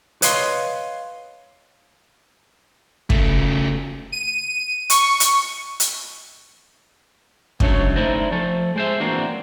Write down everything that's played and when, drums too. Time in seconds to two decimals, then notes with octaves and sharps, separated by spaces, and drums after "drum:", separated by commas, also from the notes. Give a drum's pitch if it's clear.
0.22 B4 C#5 D#5 F5 C6, drum: hi-hat
3.10 C#3 A3, drum: kick
4.12 D#7
4.90 C#6, drum: hi-hat
5.20 drum: hi-hat
5.80 drum: hi-hat
7.60 C#2 F#2 F#3 A3 D4 C#5, drum: kick
7.96 A3 D#4 E4 C5 D5 D#5
8.31 F3 A3 A4
8.76 G#3 C5 E5
9.00 E3 A#3 C4 D4 F#4